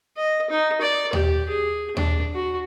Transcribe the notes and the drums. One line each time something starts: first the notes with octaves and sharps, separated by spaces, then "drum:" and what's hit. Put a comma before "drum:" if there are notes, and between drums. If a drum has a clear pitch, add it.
D#5
D#4
D5
G4, drum: tom D#2
G#4
D4, drum: tom D#2
F#4